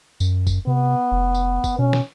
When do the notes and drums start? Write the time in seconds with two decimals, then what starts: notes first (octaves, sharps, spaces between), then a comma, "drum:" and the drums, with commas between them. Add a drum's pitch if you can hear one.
0.20 F#2, drum: tambourine
0.47 drum: kick F#1, tambourine
0.67 C3 B3
1.12 F1
1.35 drum: tambourine
1.64 drum: kick F#1, tambourine
1.79 B2 C#4
1.93 drum: snare